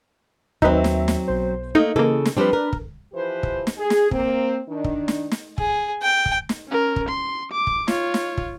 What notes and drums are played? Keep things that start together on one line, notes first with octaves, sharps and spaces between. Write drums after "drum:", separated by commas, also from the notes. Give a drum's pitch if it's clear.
D#2 F#3 C4 D#4 B4 E5, drum: kick
drum: snare
drum: snare
B1 C5
A3 A#3 D#4 D#5
C#3 E3 A#3 A4
drum: snare
F3 G3 C4 D4 B4
A#4
drum: kick
E3 F3 G4 B4 C5
drum: kick
drum: snare
G#4
drum: snare
A#3 C4, drum: kick
D#3 D4
drum: kick
drum: snare
drum: snare
G#4, drum: kick
G5
drum: kick
drum: snare
C#4 A#4
drum: kick
C6
D6
drum: kick
F4 C#5, drum: snare
drum: snare
drum: kick